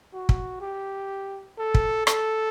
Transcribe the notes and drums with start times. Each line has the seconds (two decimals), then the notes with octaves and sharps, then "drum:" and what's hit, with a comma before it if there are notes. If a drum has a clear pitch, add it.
0.13 F#4
0.29 drum: kick
0.61 G4
1.59 A4
1.74 drum: kick
2.07 A4, drum: rim click